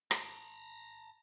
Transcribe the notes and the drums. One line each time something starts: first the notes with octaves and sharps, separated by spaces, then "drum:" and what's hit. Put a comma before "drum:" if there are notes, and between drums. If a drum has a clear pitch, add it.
A5 A#5, drum: rim click